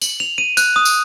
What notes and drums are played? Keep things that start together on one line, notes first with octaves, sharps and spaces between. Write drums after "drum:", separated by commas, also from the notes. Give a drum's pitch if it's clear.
F#7, drum: tambourine
F7
D#7
F#6, drum: tambourine
D#6
drum: tambourine